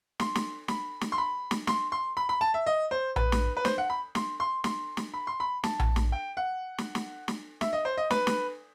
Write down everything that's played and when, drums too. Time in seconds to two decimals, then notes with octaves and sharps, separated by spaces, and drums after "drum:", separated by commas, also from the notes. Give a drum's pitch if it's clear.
0.20 C6, drum: snare
0.35 drum: snare
0.68 B5, drum: snare
1.01 drum: snare
1.12 C6
1.18 B5
1.51 drum: snare
1.67 C6, drum: snare
1.92 C6
2.17 B5
2.29 B5
2.41 A5
2.54 E5
2.66 D#5
2.91 C5
3.16 B4, drum: tom A#1
3.32 drum: snare
3.57 B4
3.65 C5, drum: snare
3.78 F#5
3.90 B5
4.15 C6, drum: snare
4.40 C6
4.64 C6, drum: snare
4.97 drum: snare
5.14 B5
5.27 C6
5.40 B5
5.64 A5, drum: snare
5.79 drum: tom A#1
5.96 drum: snare
6.12 G5
6.37 F#5
6.78 drum: snare
6.95 drum: snare
7.28 drum: snare
7.61 E5, drum: snare
7.73 D#5
7.85 C5
7.97 D#5
8.10 B4, drum: snare
8.27 drum: snare